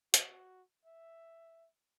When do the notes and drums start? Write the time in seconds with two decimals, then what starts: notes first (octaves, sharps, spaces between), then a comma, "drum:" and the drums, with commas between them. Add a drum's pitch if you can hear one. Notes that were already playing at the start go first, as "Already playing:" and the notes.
0.14 F#4, drum: hi-hat
0.85 E5